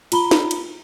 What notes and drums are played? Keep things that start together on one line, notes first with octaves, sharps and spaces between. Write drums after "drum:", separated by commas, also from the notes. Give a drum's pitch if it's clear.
F4 A#5 B5 G7, drum: cymbal
drum: snare
drum: cymbal